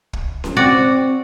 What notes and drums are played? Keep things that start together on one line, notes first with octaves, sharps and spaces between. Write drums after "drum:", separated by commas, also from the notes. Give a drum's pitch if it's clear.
drum: kick
drum: snare C#4
C4 F#4 D5